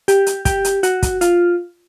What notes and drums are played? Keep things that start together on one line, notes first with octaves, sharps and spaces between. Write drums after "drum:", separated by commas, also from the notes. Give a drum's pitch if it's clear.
G4, drum: hi-hat
drum: hi-hat
G4, drum: kick, hi-hat
drum: hi-hat
F#4, drum: hi-hat
drum: kick, hi-hat
F4, drum: hi-hat